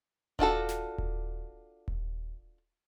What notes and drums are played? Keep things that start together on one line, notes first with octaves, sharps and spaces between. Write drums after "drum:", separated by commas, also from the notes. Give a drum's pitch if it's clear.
D4 F4 F#4 A4, drum: kick D#1
drum: snare
drum: kick D#1
drum: kick D#1